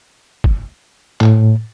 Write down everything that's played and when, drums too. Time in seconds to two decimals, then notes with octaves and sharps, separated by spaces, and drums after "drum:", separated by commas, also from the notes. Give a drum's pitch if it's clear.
0.44 drum: kick
1.21 A2, drum: clap